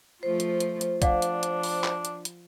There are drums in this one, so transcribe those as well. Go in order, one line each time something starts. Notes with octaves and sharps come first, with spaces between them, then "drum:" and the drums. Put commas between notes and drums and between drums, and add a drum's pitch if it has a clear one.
F3 A3 F4 C5
drum: hi-hat
drum: hi-hat
drum: hi-hat
F3 D4 D5 F5 F#5, drum: kick, hi-hat
drum: hi-hat
drum: hi-hat
drum: open hi-hat
drum: clap
drum: hi-hat
drum: hi-hat